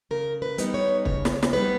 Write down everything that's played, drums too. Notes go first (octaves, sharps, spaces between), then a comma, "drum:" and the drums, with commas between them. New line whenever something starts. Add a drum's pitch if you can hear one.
C#3 A#4
B4
G3 B3 D#4, drum: hi-hat
C#5
C#3 C#5, drum: kick
drum: snare
drum: snare
G3 B3 D#4 B4